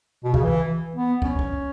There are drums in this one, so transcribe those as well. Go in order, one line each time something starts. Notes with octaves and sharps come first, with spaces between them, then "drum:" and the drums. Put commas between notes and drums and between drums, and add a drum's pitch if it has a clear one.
B2
C#3, drum: kick
E3
B3
C#4, drum: kick
drum: kick